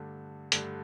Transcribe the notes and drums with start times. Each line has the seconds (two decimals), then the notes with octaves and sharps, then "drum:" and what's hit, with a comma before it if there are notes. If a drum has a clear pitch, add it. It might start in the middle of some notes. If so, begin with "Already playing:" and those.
Already playing: G2 D3 A3 D4
0.52 G2 D3 A3 D4, drum: hi-hat